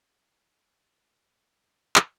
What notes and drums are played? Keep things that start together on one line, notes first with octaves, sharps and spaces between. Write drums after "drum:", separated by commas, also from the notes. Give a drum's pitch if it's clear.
G#5
A2
drum: clap